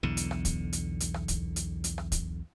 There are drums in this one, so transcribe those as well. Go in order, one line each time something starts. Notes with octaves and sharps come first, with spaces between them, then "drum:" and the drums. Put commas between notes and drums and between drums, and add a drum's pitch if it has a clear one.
B1 E2 D3
drum: hi-hat
drum: rim click
drum: kick, hi-hat
drum: hi-hat
drum: hi-hat
drum: rim click
drum: kick, hi-hat
drum: hi-hat
drum: hi-hat
drum: rim click
drum: kick, hi-hat